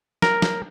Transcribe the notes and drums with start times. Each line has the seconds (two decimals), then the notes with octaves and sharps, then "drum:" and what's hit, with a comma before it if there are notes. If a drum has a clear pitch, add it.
0.22 A#4, drum: snare
0.42 drum: snare